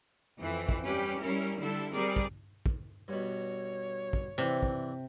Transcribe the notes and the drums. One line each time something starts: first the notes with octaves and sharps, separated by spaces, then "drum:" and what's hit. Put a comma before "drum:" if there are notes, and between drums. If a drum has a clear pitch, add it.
F2 E3 C4
drum: kick
G3 C#4 G4 B4
G3 C#4 E4 A#4
D3 G3 E4 A4
G3 C4 G#4 A#4 D5
drum: kick
drum: kick
G2 B2 C#5
drum: kick
C3 E3 C4 D4
drum: kick